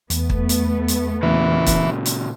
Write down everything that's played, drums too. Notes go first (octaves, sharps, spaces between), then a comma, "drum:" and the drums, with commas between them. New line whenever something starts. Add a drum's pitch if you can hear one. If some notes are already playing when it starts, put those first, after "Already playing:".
E2 A3 B3, drum: hi-hat
drum: kick
drum: hi-hat
drum: hi-hat
A#2 C#3 E3
drum: kick, hi-hat
drum: hi-hat